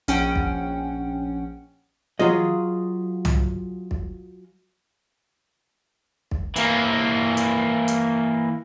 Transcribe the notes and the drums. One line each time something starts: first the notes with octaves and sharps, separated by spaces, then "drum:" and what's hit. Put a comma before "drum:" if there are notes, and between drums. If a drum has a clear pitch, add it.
A#1 C#4 F#5 G5, drum: hi-hat
drum: kick
F#3 F4 G#4 D#5, drum: tom E3
drum: tom
drum: kick
drum: kick
E3 A#3, drum: hi-hat
drum: hi-hat
drum: hi-hat